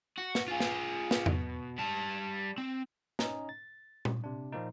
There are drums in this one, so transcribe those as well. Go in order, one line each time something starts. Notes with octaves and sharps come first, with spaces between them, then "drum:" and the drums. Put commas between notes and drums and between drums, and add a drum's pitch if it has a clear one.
F#4
drum: snare
F4 G#4
drum: snare
drum: snare
B2, drum: tom E2
G3 A5
C4
C#4 D#4 D#5 A#5, drum: snare
A6
drum: tom A#2
C3 D4
A#2 F3 A#3 D#4